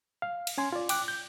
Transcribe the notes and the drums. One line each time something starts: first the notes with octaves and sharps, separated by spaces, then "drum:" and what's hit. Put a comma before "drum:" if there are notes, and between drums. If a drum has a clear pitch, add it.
F5
drum: cymbal
C#4 G#5 C6
F4 D5
G5 D6 F#6, drum: cymbal
G6